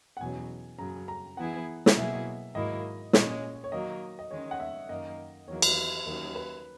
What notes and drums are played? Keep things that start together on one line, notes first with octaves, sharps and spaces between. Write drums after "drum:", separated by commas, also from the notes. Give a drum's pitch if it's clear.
F#5
E2 B2 F#3 C#4 G#5
F#2 C#3 F#3 A#5
A#5
E3 B3 E4 G#4 F#5
drum: snare
B2 F#3 A#3 E4 G#4 E5
G#2 D#3 F#3 A#3 E4 D#5
A#2 G#3 C#4 C#5, drum: snare
C#5
D#3 F#3 A#3 D#5
D#5
D#3 G#3 C#4 C#5
F#5
E5
F#2 D#3 A#3 D#5
E2 D#3 F#3 A#3 C#5
drum: cymbal
D#2 D#3 F#3 C#4 A#4
B4